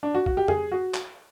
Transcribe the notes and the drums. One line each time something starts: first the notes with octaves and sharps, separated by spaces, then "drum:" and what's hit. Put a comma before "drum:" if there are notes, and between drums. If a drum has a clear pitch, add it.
D4
F#4
F#4, drum: kick
G4
G#4, drum: tom F2
F#4
drum: clap